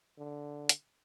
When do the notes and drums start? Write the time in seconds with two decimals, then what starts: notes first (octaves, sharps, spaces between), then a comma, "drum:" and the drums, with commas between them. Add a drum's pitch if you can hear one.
0.18 D3
0.69 drum: hi-hat